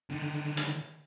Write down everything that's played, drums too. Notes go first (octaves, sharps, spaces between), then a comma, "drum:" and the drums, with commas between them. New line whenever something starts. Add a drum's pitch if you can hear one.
D3 D#3
drum: hi-hat